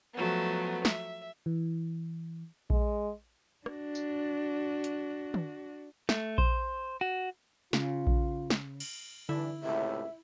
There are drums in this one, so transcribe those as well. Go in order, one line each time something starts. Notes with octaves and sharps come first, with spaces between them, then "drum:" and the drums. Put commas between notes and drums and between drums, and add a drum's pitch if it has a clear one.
F3 F#3 A3 B3
E5, drum: snare
E3
G#3, drum: kick A#1
D4 F#4, drum: rim click
drum: tambourine
drum: hi-hat
drum: tom
A3, drum: snare
C5, drum: kick A#1
F#4
C#3 F4, drum: snare
drum: kick A#1
drum: snare
drum: cymbal
G2 D3 E3 D4 E4
C#2 A2 C3 E5